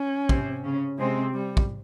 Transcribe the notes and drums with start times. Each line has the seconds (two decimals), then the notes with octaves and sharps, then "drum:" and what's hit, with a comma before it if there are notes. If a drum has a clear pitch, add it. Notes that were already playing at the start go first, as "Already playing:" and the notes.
Already playing: C#4
0.29 C3 C4, drum: kick
0.64 C#3 C#4
0.99 C3 G#3 C4
1.34 G3
1.57 drum: kick